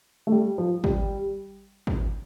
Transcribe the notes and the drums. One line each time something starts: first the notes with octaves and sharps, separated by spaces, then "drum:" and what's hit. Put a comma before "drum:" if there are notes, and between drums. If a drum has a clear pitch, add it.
A3
G3
F3
G3, drum: kick
drum: kick